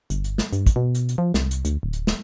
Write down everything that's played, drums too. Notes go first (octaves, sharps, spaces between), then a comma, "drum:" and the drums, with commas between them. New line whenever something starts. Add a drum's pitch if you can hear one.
G1, drum: hi-hat
drum: hi-hat
drum: snare
G2, drum: hi-hat
drum: kick, hi-hat
B2
drum: hi-hat
drum: hi-hat
F3
C2, drum: snare
drum: hi-hat
D2, drum: hi-hat
D1
drum: hi-hat
drum: snare